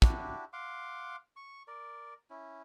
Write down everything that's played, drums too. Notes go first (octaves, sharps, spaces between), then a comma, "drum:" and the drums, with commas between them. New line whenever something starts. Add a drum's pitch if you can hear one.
D4 E4 F#4 G4, drum: kick
F5 F#5 C6 D6
C#6
A#4 D5
C#4 E4